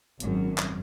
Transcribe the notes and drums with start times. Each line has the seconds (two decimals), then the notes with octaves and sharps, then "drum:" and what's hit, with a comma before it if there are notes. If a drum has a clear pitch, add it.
0.20 G#1 F#2, drum: hi-hat
0.58 drum: clap